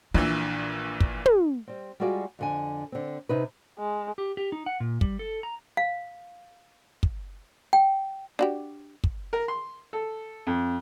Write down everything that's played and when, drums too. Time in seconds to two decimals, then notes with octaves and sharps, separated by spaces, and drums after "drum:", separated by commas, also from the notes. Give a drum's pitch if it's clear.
0.14 A#1 A#2 E3 D4
1.00 drum: kick
1.26 drum: tom
1.68 G3 C4
2.00 G3 G#3 F4 F#4 G#4 D5
2.39 F2 D3 G#5
2.92 D3 C4
3.29 C3 D#4 B4
3.78 G#3
4.18 G4
4.37 G4
4.52 D#4
4.66 F#5
4.80 A#2
5.01 G3, drum: kick
5.19 A4
5.43 A#5
5.77 F5
7.03 drum: kick
7.73 G5
8.39 D4 F#4 G4
9.04 drum: kick
9.33 A#4
9.48 C6
9.93 A4
10.47 F2